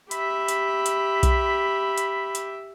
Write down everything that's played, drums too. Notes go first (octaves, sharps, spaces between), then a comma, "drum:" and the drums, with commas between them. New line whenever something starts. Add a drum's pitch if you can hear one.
G4 E5 B5, drum: hi-hat
drum: hi-hat
drum: hi-hat
drum: kick B1, hi-hat
drum: hi-hat
drum: hi-hat